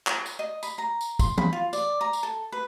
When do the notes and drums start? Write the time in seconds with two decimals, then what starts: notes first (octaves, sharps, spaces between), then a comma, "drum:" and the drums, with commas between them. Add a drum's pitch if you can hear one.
0.07 drum: clap
0.26 drum: tambourine
0.39 D#5
0.63 B5, drum: tambourine
0.78 A#5
1.01 drum: tambourine
1.19 C6, drum: kick, tambourine
1.38 B5, drum: tom E3
1.53 F4
1.73 D5, drum: tambourine
2.01 A#5
2.13 drum: tambourine
2.23 A4
2.52 B4